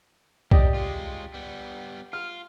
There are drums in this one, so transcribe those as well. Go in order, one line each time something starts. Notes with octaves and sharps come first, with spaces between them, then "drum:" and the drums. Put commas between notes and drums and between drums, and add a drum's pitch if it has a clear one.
D#2 G4 D5 D#5, drum: kick C2
G#3 F4
G3 B3
F4 F6